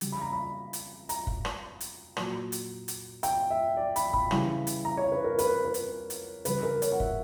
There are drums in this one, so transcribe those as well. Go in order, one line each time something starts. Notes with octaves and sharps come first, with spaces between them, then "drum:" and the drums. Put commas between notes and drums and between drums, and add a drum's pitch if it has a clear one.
C#3 G3, drum: hi-hat
B5
A#5
B5
drum: hi-hat
A#5, drum: hi-hat
drum: kick
drum: rim click
drum: hi-hat
A#2 F#3, drum: rim click
drum: hi-hat
drum: hi-hat
G5, drum: hi-hat
E5
D5
B5, drum: hi-hat
B5, drum: kick
C#3 E3 G3, drum: rim click
drum: hi-hat
A#5
C#5
B4
A#4
B4, drum: hi-hat
B4
drum: hi-hat
drum: hi-hat
C#3 G3 B4, drum: hi-hat
A#4
C#5, drum: hi-hat
F#5
E5, drum: kick